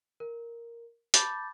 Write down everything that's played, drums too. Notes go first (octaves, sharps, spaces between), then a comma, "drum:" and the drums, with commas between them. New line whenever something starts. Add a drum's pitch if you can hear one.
A#4
A5 B5 D6 G6 A6, drum: hi-hat